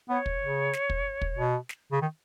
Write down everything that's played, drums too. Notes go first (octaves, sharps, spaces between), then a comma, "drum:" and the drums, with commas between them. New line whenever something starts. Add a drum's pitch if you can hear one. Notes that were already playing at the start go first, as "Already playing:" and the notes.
B3 C#5
drum: kick
C#3
drum: snare
drum: kick
drum: kick
B2
drum: snare
C#3
D#3